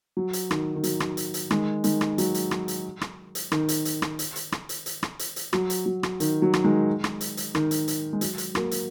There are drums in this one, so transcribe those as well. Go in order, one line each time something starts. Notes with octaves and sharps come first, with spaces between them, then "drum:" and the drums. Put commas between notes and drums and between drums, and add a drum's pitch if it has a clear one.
F#3
drum: hi-hat
D#3, drum: rim click
D#3
F#3, drum: hi-hat
drum: rim click
drum: hi-hat
drum: hi-hat
D#3 G#3, drum: rim click
D#3 G#3, drum: hi-hat
drum: rim click
F#3, drum: hi-hat
drum: hi-hat
drum: rim click
drum: hi-hat
drum: rim click
drum: hi-hat
D#3, drum: rim click
drum: hi-hat
drum: hi-hat
drum: rim click
drum: hi-hat
drum: hi-hat
drum: rim click
drum: hi-hat
drum: hi-hat
drum: rim click
drum: hi-hat
drum: hi-hat
F#3, drum: rim click
drum: hi-hat
F#3
drum: rim click
D#3, drum: hi-hat
F#3
drum: rim click
D#3 G#3
drum: rim click
drum: hi-hat
drum: hi-hat
D#3, drum: rim click
drum: hi-hat
drum: hi-hat
G#3
F#3, drum: hi-hat
drum: hi-hat
F#3 A#3, drum: rim click
drum: hi-hat